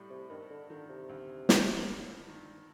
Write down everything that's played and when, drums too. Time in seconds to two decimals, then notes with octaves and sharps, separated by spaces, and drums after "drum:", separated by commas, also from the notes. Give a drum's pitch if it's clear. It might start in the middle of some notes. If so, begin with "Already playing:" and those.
Already playing: A2 G3
0.10 C3
0.30 G2 D#3
0.50 D3
0.69 D3 D#3
0.89 C3
1.09 D2
1.49 D3, drum: snare
1.88 G2
2.28 D#3